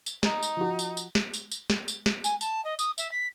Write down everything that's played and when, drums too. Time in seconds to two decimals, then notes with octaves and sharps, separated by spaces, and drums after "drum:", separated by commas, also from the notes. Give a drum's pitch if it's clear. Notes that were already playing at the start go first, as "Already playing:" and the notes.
0.06 drum: tambourine
0.23 D#4, drum: snare
0.43 drum: tambourine
0.57 F3 F#4
0.79 drum: tambourine
0.97 drum: tambourine
1.15 drum: snare
1.33 drum: tambourine
1.51 drum: tambourine
1.70 drum: snare
1.88 drum: tambourine
2.06 drum: snare
2.24 G#5, drum: tambourine
2.41 A5, drum: tambourine
2.65 D#5
2.79 D#6, drum: tambourine
2.98 E5, drum: tambourine
3.12 B6